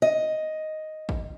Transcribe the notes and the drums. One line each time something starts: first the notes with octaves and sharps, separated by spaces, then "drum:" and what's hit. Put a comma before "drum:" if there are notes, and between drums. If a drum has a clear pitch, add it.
D#5
drum: kick